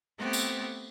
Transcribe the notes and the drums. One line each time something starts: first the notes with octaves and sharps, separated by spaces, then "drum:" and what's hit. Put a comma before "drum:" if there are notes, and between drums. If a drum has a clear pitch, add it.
A3 B3 C4 G4
drum: tambourine